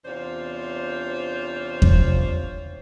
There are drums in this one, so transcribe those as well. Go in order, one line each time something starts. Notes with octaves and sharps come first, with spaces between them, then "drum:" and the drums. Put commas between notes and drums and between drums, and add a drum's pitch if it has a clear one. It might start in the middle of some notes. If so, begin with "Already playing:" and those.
E2 C3 D4 F4 C5 C#5
drum: kick E2